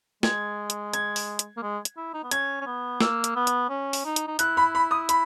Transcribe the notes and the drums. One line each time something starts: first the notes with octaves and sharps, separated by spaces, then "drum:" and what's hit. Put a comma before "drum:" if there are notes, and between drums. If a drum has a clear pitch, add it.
G#3 G#6, drum: snare
drum: hi-hat
G#6, drum: hi-hat
drum: open hi-hat
drum: hi-hat
A#3
G#3
drum: hi-hat
E4
D#4
B3
C#4 G#6, drum: hi-hat
C#4
B3
A#3 E6, drum: snare
drum: hi-hat
B3
drum: hi-hat
C#4
drum: open hi-hat
D#4
drum: hi-hat
D#4
E4 F#6, drum: hi-hat
B5
B5
D#6
B5, drum: hi-hat